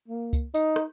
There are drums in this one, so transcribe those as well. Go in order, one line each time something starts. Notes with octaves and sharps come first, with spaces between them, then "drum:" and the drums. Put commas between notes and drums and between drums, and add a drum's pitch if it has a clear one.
A#3
drum: kick, tambourine
D#4, drum: tambourine
drum: rim click